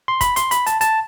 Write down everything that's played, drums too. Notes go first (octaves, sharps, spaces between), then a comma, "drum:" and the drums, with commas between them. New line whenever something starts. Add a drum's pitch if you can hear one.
C6
B5, drum: kick, hi-hat
C6, drum: hi-hat
B5, drum: hi-hat
A5, drum: hi-hat
A5, drum: hi-hat